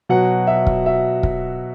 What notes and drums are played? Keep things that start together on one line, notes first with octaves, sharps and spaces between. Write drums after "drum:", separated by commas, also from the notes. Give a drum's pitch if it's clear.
B2 F#3 F#5
E5
drum: kick
E5
drum: kick